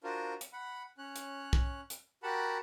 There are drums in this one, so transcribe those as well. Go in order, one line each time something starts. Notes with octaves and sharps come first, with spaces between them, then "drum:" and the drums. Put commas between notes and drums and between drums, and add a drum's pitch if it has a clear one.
D4 F4 F#4 A#4 C5
drum: hi-hat
F#5 B5
C#4 C#5 F#6
drum: hi-hat
drum: kick
drum: hi-hat
F#4 G4 A#4 F#5 A5 B5